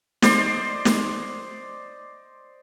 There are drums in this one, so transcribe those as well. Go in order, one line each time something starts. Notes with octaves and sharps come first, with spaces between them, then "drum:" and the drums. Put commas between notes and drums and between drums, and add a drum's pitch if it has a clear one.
C5 D5 D#5 C6, drum: snare
drum: snare